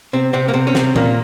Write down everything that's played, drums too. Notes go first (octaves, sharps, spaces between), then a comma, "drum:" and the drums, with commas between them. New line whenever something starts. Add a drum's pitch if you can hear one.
C3 C4
C3 C4
A#3
C3 C4
C#4
C3 C4, drum: snare
A#2 A#3, drum: tom